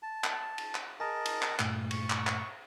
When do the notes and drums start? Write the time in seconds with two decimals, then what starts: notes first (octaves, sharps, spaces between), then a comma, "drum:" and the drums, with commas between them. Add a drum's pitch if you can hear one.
0.03 A5
0.24 drum: clap
0.58 drum: cymbal
0.75 drum: clap
1.00 G#4 A#4 D#5 G#5 A5
1.25 drum: cymbal
1.42 drum: clap
1.59 G2 A#2 A3, drum: clap
1.91 C#6, drum: cymbal
2.10 drum: clap
2.27 drum: clap